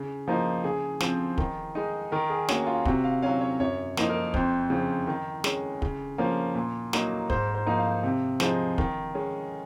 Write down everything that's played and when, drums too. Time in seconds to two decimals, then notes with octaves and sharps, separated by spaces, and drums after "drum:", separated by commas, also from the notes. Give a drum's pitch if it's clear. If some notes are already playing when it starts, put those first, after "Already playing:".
Already playing: C#3
0.28 F3 A#3 D#4
0.64 C#3 G#4
1.00 F3 C4, drum: snare
1.38 D#3, drum: kick
1.75 G#3 D#4
2.12 D#3 A#4
2.30 G#4
2.49 A#3 C#4 F#4, drum: snare
2.67 F4
2.85 C3 F#4, drum: kick
3.04 F5
3.22 F#3 C#4 F5
3.41 C#5
3.60 F#2 C#5
3.97 F3 A#3 D#4, drum: snare
4.09 A#4
4.34 F2 C5, drum: kick
4.70 C#3 F3
5.07 D#3
5.44 G#3 C#4, drum: snare
5.82 C#3, drum: kick
6.18 F3 A#3 C#4
6.55 A#2
6.93 F#3 A#3 D#4, drum: snare
7.30 G#2 C5, drum: kick
7.55 C5
7.66 F3 A#3 D#4
7.79 F5
8.04 C3
8.40 F3 G#3 D#4, drum: snare
8.78 D#3, drum: kick
9.14 G#3 C#4